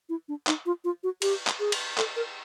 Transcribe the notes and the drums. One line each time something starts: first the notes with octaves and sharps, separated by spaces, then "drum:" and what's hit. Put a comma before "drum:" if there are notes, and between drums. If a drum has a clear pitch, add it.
E4
D4
D#4, drum: clap
F4
F4
F#4
G4, drum: cymbal
drum: clap
G#4
drum: cymbal
A4, drum: clap
A#4